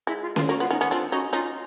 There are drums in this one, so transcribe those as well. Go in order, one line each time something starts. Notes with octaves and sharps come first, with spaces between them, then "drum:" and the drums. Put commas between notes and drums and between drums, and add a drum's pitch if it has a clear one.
G#3 E4
F4
F4, drum: snare C#4
A#3 F#4, drum: hi-hat
B3 F4
B3 C#4 D#4
B3 C#4
C4 D4 F4
C#4 D#4 F#4
C#4 D#4 F4, drum: hi-hat